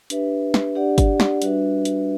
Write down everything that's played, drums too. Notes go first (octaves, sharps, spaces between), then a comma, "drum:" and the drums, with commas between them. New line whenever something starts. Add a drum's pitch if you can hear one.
D4 G4 B4 E5, drum: hi-hat
drum: snare
D4 G4 D5 F#5
drum: kick G1, hi-hat
drum: snare
G3 D4 F#4 B4 E5, drum: hi-hat
drum: hi-hat